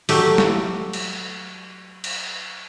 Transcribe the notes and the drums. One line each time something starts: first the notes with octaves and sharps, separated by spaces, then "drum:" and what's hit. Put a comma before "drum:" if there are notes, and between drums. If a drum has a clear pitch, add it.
F#3 A3 G4, drum: open hi-hat
drum: snare
drum: cymbal
drum: cymbal